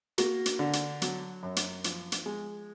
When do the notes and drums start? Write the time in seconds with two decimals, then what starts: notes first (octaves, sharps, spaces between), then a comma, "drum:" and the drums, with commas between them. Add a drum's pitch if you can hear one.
0.18 A#3 F#4, drum: hi-hat
0.46 drum: hi-hat
0.59 D3
0.73 drum: hi-hat
1.02 F#3, drum: hi-hat
1.43 F#2
1.56 drum: hi-hat
1.84 F3, drum: hi-hat
2.12 drum: hi-hat
2.26 G#3